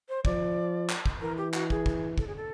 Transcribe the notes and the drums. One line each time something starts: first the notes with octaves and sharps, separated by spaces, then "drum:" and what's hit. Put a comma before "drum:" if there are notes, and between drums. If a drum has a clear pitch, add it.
C5
F3 D5, drum: kick
drum: clap
drum: kick
E3 A#4
G4
F#4, drum: clap
G#4, drum: kick
drum: kick
A4, drum: kick
G#4
A4